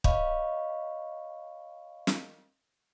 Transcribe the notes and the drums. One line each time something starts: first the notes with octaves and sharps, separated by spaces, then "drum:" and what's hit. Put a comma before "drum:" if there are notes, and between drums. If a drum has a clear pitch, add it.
C#5 D#5 F5 B5 C#6, drum: kick
drum: snare